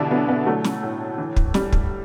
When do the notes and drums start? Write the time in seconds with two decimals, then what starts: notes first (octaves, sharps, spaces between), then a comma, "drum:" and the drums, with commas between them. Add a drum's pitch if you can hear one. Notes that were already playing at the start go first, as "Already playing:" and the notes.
Already playing: B2 D3 E3 G3 D4 E4
0.11 F#3 B3
0.28 B3
0.46 F#3 A3
0.64 drum: snare
0.83 A2
1.18 E3
1.36 drum: kick
1.54 G3, drum: snare
1.73 drum: kick